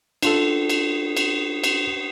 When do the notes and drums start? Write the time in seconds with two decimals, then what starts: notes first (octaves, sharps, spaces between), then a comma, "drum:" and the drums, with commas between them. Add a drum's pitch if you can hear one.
0.22 D4 F4 A4, drum: cymbal
0.70 drum: cymbal
1.17 drum: cymbal
1.64 drum: cymbal